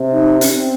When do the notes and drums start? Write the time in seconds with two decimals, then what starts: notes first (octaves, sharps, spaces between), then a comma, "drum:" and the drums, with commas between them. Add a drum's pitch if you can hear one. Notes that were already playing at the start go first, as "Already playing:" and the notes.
Already playing: C3
0.13 D#4
0.41 C#4, drum: hi-hat
0.56 C4